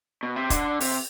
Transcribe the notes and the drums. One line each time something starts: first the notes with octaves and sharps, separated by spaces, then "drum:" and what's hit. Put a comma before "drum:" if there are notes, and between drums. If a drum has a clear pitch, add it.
B2
C3
D3, drum: kick, hi-hat
C3, drum: open hi-hat